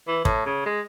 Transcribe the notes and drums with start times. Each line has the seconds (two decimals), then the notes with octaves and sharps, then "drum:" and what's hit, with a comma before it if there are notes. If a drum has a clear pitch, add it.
0.08 E3
0.25 A2, drum: kick
0.46 C#3
0.66 G#3